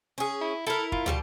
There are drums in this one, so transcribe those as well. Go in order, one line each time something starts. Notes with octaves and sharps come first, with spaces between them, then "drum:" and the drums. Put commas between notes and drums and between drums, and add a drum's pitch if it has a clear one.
C#4 G#4
E4
E4 A4 A#4
F4, drum: kick
B2 G3 G4, drum: tom